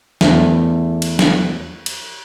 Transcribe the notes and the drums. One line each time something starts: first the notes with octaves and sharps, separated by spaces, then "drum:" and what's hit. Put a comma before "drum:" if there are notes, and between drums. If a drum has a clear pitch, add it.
E2 A3, drum: snare
drum: cymbal
drum: snare
drum: cymbal